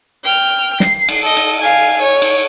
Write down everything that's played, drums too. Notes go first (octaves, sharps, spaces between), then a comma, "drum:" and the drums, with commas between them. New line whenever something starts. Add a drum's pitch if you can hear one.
G5 F6
C7, drum: snare
drum: cymbal
A4 D#5
drum: cymbal
F5 G#5
C#5
drum: cymbal